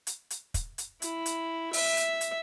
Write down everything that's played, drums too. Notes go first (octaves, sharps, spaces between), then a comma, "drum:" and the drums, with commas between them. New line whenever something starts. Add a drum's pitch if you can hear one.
drum: hi-hat
drum: hi-hat
drum: kick, hi-hat
drum: hi-hat
E4, drum: hi-hat
drum: hi-hat
E5, drum: open hi-hat
drum: hi-hat
drum: hi-hat